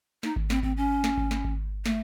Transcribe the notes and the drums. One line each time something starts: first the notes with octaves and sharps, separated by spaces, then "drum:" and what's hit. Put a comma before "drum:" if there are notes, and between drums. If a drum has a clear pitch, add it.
D#4, drum: snare
drum: kick G#1
C4, drum: snare
C4, drum: kick G#1
C#4
drum: snare
drum: kick G#1
drum: snare
drum: kick G#1
A3, drum: snare